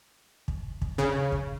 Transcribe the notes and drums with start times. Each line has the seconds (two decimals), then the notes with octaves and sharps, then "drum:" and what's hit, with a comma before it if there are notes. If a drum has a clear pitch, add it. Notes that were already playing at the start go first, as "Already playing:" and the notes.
0.48 drum: kick
0.82 drum: kick
0.98 C#3
1.32 drum: kick